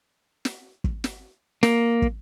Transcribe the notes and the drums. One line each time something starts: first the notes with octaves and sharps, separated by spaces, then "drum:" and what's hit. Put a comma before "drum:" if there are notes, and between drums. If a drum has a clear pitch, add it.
drum: snare
drum: kick
drum: snare
A#3, drum: snare
drum: kick